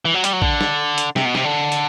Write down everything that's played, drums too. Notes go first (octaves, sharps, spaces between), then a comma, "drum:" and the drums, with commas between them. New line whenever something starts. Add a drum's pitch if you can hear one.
E3
F#3
G3, drum: hi-hat
F#3
D3, drum: kick A1
drum: snare
drum: hi-hat
C3, drum: snare
B2
C3, drum: snare
D3
drum: hi-hat